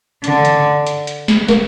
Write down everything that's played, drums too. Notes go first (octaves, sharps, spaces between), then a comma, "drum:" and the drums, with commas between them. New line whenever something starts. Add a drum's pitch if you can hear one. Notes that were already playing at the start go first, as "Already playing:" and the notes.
D3, drum: hi-hat
drum: hi-hat
drum: hi-hat
drum: hi-hat
drum: snare
A#3, drum: snare